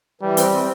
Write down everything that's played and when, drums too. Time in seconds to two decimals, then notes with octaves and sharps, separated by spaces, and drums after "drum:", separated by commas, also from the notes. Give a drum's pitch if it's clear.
0.21 E3 G3
0.37 C4, drum: hi-hat
0.52 C4